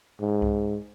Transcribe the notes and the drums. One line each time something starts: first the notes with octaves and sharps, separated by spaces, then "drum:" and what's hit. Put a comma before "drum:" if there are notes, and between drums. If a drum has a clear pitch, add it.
G#2
drum: kick C2